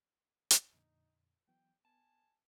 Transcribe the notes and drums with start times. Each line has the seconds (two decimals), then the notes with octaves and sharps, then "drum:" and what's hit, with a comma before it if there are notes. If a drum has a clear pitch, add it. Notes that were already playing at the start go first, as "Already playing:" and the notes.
0.50 drum: hi-hat
0.72 F2 A#2 D3 D#4
1.48 E3 F#3 B3 G5
1.85 B3 G#5 A5